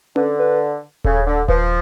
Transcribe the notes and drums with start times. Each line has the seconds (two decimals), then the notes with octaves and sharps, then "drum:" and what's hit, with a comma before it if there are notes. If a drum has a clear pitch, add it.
0.16 D3 B4, drum: tom C#4
0.39 B4
1.04 C#3 A4, drum: kick D#1
1.26 D3
1.48 F3 B4, drum: kick D#1